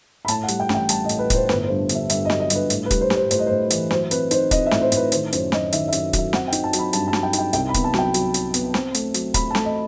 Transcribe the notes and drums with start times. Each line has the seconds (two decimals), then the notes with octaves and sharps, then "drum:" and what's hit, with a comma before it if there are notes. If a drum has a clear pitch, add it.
0.25 B5
0.28 A2 A5, drum: hi-hat
0.43 F#5
0.48 G3, drum: hi-hat
0.60 G5
0.69 A1, drum: snare
0.75 G5
0.89 G3 A5, drum: hi-hat
1.04 D#5
1.09 A2, drum: hi-hat
1.19 B4
1.30 A2 C5, drum: kick, hi-hat
1.49 G1 B4, drum: snare
1.64 C5
1.70 G2
1.89 G1, drum: hi-hat
1.95 E5
2.10 G2 E5, drum: hi-hat
2.25 D#5
2.30 F#3, drum: snare
2.40 D#5
2.50 G2, drum: hi-hat
2.56 B4
2.70 A2, drum: hi-hat
2.86 B4
2.91 G3, drum: kick, hi-hat
3.01 C5
3.10 G3, drum: snare
3.16 C5
3.31 A2 C5, drum: hi-hat
3.39 D#5
3.47 A2 C5
3.70 E3, drum: hi-hat
3.91 F#3 C5, drum: snare
4.11 C4 B4, drum: hi-hat
4.31 D#4 C5, drum: hi-hat
4.51 C4 D#5, drum: kick, hi-hat
4.66 E5
4.71 A2, drum: snare
4.81 C5
4.92 A2 B4, drum: hi-hat
5.12 D#3 C5, drum: hi-hat
5.33 F#2 C5, drum: hi-hat
5.52 F#3 D#5, drum: snare
5.73 D#3 E5, drum: hi-hat
5.88 E5
5.92 F#2, drum: hi-hat
6.13 F#3 E5, drum: kick, hi-hat
6.33 C4 F#5, drum: snare
6.48 G5
6.52 D#4, drum: hi-hat
6.64 A5
6.73 F#3, drum: hi-hat
6.79 B5
6.93 G2 A5, drum: hi-hat
7.08 A5
7.13 F#3, drum: snare
7.23 G5
7.33 D#4, drum: hi-hat
7.38 G5
7.53 C2 G5, drum: hi-hat
7.69 B5
7.74 B3, drum: kick, hi-hat
7.84 A5
7.94 F#3 G5, drum: snare
8.14 F#3, drum: hi-hat
8.34 F#3, drum: hi-hat
8.54 B3, drum: hi-hat
8.74 C4, drum: snare
8.95 A3, drum: hi-hat
9.14 F#3, drum: hi-hat
9.34 A3 B5, drum: kick, hi-hat
9.51 A5
9.55 A3, drum: snare
9.65 D#5